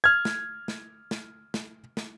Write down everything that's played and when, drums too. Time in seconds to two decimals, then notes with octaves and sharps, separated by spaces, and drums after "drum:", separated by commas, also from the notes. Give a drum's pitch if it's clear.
0.04 F6 G#6
0.25 drum: snare
0.68 drum: snare
1.11 drum: snare
1.54 drum: snare
1.97 drum: snare